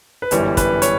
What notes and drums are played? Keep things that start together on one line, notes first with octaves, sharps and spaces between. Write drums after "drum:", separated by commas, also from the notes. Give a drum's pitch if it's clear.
B4
G1 F#2 E3 G3 C#5, drum: hi-hat
B4, drum: kick, hi-hat
C#5, drum: hi-hat